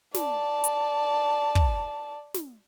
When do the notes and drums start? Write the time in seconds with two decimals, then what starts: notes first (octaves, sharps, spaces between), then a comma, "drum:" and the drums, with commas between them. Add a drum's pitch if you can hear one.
0.14 D5 A5, drum: snare
0.64 drum: hi-hat
1.55 drum: kick
2.34 drum: snare